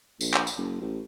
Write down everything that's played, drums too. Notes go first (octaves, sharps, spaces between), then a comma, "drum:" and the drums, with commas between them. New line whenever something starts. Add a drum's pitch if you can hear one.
A#1, drum: tambourine
drum: clap
drum: tambourine
F#1
A1